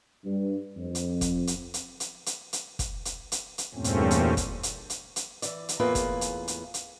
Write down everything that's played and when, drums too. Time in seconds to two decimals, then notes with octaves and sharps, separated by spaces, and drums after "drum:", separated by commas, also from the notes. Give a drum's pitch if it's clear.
0.25 G2
0.77 F2
0.95 drum: hi-hat
1.21 drum: kick, hi-hat
1.47 drum: hi-hat
1.74 drum: hi-hat
2.00 drum: hi-hat
2.26 drum: hi-hat
2.53 drum: hi-hat
2.79 drum: kick, hi-hat
3.05 drum: hi-hat
3.32 drum: hi-hat
3.58 drum: hi-hat
3.75 E2 G2 A#2 A3 C4 C#4
3.84 drum: hi-hat
4.11 drum: hi-hat
4.37 drum: kick, hi-hat
4.63 drum: hi-hat
4.90 drum: hi-hat
5.16 drum: hi-hat
5.42 E3 D5, drum: hi-hat
5.69 drum: hi-hat
5.80 E2 A2 A#3 F4 G#4 B4
5.95 drum: kick, hi-hat
6.21 drum: hi-hat
6.48 drum: hi-hat
6.74 drum: hi-hat